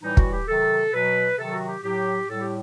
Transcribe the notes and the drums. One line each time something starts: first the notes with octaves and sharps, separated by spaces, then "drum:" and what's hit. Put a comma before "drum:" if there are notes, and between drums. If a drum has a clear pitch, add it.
A2 E3 G3 D#4
F#4, drum: kick
G4
C3 D#3 F#3 A4
B2 F#3 B4
C3 D#3 F#3 A4
F#4
G4
A2 F#3 G4
A2 G3 A4
G4